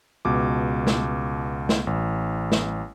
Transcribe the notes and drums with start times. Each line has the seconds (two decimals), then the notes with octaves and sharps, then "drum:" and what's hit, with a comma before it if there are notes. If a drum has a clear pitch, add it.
0.25 C#2 B2 D6
0.87 drum: snare
1.69 drum: snare
1.87 A1
2.52 drum: snare